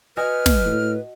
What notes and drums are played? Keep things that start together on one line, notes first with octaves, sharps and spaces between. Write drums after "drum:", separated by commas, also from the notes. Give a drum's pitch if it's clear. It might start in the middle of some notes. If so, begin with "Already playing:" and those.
F#4 B4 D#5 G#5 F6
drum: snare
A2